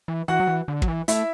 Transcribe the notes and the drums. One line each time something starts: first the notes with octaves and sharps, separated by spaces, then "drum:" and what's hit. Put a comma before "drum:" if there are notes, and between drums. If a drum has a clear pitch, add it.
E3
E3 F#4 F#5
F#3
E3
D3
F#3, drum: kick
E3
A3 E4 E5, drum: hi-hat